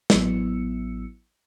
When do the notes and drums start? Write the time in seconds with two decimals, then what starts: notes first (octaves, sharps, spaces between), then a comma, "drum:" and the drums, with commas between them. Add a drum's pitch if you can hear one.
0.10 A1 F#3 B3 E4 E6 C#7, drum: snare